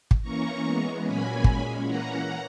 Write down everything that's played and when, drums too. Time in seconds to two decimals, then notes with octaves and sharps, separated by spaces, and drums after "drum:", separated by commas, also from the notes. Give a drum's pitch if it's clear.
0.11 drum: kick
0.21 E3 A#3 C#4 A#5 C#6
0.63 E3 G#3 B3
1.03 A#2 F#3 A#3 C#4 G#5 B5
1.44 A#2 G#3 C#4, drum: kick
1.84 E3 A#3 C#4 F#5 A#5